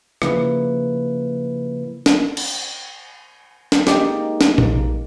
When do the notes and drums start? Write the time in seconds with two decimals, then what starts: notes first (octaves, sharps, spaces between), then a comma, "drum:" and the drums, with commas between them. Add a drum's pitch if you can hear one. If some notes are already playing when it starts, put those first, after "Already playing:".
0.22 C#3 F3 A#3 E4 B4, drum: rim click
2.06 drum: snare
2.37 drum: cymbal
3.72 drum: snare
3.87 G#3 A#3 D#4 G4 D5 D#5, drum: snare
4.41 drum: snare
4.58 A#1, drum: tom A#2